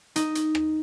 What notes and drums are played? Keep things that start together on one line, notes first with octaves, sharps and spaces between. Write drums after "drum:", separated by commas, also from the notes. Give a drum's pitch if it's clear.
D#4, drum: hi-hat
drum: hi-hat
drum: rim click